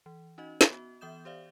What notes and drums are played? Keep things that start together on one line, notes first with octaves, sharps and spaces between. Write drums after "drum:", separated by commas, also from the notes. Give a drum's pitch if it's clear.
E3
C#4 D#4 F#4 D#5
drum: snare
B3 F#4
E3 B3 E5 D#6 G6 E7
G4 C5 D5 E5 F5